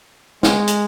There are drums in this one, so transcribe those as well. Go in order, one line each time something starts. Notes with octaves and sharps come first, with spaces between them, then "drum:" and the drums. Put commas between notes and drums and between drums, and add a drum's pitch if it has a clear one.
G#3, drum: snare
drum: hi-hat